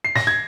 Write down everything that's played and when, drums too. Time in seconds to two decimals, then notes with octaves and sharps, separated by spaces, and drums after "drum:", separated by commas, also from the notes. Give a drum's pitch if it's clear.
0.04 C7
0.16 A#6, drum: snare
0.27 G#6